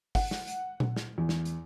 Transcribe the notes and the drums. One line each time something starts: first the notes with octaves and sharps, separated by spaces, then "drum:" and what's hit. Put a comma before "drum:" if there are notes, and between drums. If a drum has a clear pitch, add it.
F#5, drum: kick G1, open hi-hat
drum: snare
drum: hi-hat
drum: tom A#2
drum: snare
E2
drum: snare
drum: hi-hat